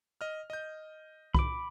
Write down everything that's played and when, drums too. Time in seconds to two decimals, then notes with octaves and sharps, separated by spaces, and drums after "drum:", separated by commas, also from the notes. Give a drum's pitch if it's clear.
0.21 D#5 F6
0.50 D#5 G6
1.35 B5 D6, drum: kick C2